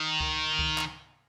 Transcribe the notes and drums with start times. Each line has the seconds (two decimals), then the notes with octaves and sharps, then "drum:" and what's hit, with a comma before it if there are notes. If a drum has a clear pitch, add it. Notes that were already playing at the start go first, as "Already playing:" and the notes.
Already playing: D#3
0.20 drum: kick C#2
0.59 drum: kick C#2
0.78 drum: clap